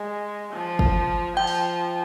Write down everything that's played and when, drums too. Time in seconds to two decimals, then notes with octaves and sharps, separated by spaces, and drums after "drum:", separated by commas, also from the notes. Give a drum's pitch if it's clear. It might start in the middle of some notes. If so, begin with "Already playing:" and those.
Already playing: G#3
0.53 F3
0.79 drum: kick
1.36 F3 G5
1.47 drum: open hi-hat